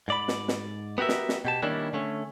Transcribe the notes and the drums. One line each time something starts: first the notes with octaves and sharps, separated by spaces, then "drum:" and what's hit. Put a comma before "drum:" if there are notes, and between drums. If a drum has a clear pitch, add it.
G#2 D5 B5
drum: snare
drum: snare
B3 F#4 G4 A#4 E5
drum: snare
drum: snare
B2 G4 A5
D#3 G3 A#3 C#4 D4 E4
D3 A3 C#4